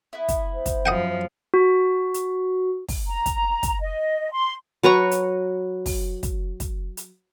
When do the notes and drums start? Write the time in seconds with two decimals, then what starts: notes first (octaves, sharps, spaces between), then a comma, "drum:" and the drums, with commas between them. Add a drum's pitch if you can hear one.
0.13 B3 E4
0.28 drum: kick, hi-hat
0.54 C5
0.66 drum: kick, hi-hat
0.86 F#2 F3 D#5 F#5 G5
1.54 F#4
2.14 drum: hi-hat
2.89 drum: kick, open hi-hat
3.07 A#5
3.26 drum: kick, hi-hat
3.63 drum: kick, hi-hat
3.81 D#5
4.32 C6
4.83 F#3 B4 A#5 C#6
5.11 drum: hi-hat
5.86 drum: kick, open hi-hat
6.23 drum: kick, hi-hat
6.60 drum: kick, hi-hat
6.97 drum: hi-hat